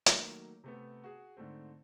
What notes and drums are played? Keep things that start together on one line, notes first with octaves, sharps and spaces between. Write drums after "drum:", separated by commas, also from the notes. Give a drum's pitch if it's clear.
D#3 F#3 A3 A#3, drum: hi-hat
C3 A3 B3
F#4 G#4
G#2 D3 A3 C4